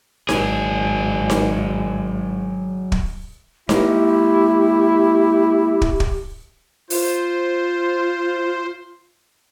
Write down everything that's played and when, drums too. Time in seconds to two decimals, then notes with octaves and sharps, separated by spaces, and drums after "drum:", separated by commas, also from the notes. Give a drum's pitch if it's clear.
0.29 G#1 F#3 G#4, drum: snare D#4
1.30 drum: snare D#4
2.92 drum: kick
3.69 G#3 A#3 E4 G4, drum: snare D#4
5.82 drum: kick
6.00 drum: kick
6.90 F4 C5, drum: open hi-hat